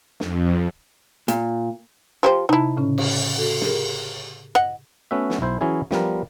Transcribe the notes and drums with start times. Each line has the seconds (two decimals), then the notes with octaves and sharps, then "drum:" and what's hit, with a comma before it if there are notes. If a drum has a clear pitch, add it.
0.20 F2, drum: snare
1.28 A#2, drum: hi-hat
2.23 F3 G4 C5
2.49 C3 D#4 E4 A5 A#5
2.77 A2 C#3 C#4
2.98 drum: cymbal
3.38 F#4 A4
3.61 G4 G#4 A#4, drum: snare
4.55 D#5 F#5, drum: rim click
5.11 A3 B3 C#4 F#4 E5
5.30 drum: snare
5.41 B1 E4 C5
5.61 E3 F#3 C#4 E4 G#4
5.91 F3 G3 B3 A#4, drum: snare